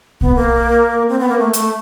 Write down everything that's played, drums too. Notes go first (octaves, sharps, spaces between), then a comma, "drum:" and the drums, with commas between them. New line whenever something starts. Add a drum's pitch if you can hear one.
B3, drum: kick
A#3
C4
B3
A#3
A3
A3, drum: hi-hat